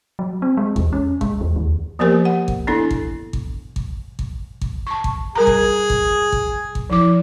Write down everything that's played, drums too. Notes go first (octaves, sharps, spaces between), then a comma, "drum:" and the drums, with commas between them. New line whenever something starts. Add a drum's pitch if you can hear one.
F#3
C4
G#3
E2, drum: kick G#1
C#4
G#3, drum: kick G#1
E2
D#2
F3 A#3 B3 G4 A#4 C5
F#5
drum: kick G#1
B3 D4 E4 A4
drum: kick G#1
drum: kick G#1
drum: kick G#1
drum: kick G#1
drum: kick G#1
A5 C#6
drum: kick G#1
G3 G#4 A#4 A#5
drum: kick G#1
drum: kick G#1
drum: kick G#1
drum: kick G#1
F3 E4 D6